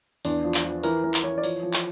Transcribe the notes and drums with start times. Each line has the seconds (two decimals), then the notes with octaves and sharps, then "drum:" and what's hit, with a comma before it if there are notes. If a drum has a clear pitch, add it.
0.25 E2 D4, drum: open hi-hat
0.44 F3
0.54 drum: clap
0.64 F3
0.84 E3 A#4, drum: open hi-hat
1.04 E3 A#4
1.14 drum: clap
1.24 E3 C#5
1.38 D5
1.43 F3 C#5, drum: open hi-hat
1.63 F3
1.73 drum: clap